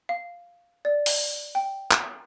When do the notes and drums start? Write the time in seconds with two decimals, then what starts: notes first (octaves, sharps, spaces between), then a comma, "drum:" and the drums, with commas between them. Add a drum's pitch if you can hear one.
0.09 F5
0.85 D5
1.06 drum: open hi-hat
1.55 G5
1.91 drum: clap